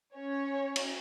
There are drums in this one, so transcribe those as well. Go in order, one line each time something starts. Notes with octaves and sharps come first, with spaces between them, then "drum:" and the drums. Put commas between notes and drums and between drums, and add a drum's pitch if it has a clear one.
C#4 C#5
drum: cymbal